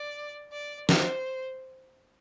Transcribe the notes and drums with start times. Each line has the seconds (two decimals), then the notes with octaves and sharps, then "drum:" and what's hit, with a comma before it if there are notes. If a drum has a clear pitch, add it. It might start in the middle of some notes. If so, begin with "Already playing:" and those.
Already playing: D5
0.52 D5
0.89 C5, drum: snare